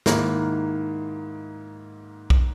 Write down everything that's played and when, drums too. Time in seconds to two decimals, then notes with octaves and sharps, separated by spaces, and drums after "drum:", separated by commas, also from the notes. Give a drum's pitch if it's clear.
0.06 G#2 D#3 A#3 E4, drum: snare
2.30 drum: kick